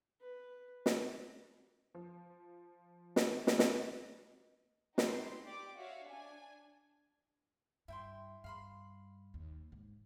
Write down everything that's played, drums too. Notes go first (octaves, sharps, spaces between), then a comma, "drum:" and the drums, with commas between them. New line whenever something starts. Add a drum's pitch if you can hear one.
B4
drum: snare
F3
drum: snare
drum: snare
B4 D#5, drum: snare
D#4 G4 B4 C6, drum: snare
G4 D5 D6
F#4 C#5 E5 F5
D4 G#5
G2 E4 G5 C6
G2 F5 B5 C6
D#2
G#2